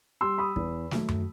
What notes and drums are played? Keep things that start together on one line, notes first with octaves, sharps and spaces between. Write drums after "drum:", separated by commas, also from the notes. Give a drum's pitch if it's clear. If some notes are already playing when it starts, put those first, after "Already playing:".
G3 C6 E6
B5 D#6
E2, drum: kick
D#3 F#3 A3, drum: snare
drum: tom F#2